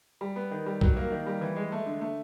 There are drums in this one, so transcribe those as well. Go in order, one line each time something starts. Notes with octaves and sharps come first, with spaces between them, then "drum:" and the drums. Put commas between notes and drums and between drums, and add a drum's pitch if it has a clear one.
G3
B3
D#3
G3
F#3, drum: kick C2
A#3
D#3
G3
E3
G#3
A3
D3
A3